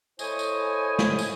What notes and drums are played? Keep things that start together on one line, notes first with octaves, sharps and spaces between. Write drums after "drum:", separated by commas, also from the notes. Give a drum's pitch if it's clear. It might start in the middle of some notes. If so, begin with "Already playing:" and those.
A3 E4 C5 C#5 D#5 G#5, drum: tambourine
drum: tambourine
drum: snare
drum: tambourine